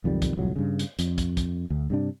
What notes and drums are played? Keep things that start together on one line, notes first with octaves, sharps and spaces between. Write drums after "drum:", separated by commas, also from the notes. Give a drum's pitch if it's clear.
B1 F2 D#3 G3
drum: kick, hi-hat
D1 C2 F2 F#3
G2 C#3
drum: hi-hat
F2, drum: hi-hat
drum: kick, hi-hat
drum: kick, hi-hat
D2
G2 C3 D4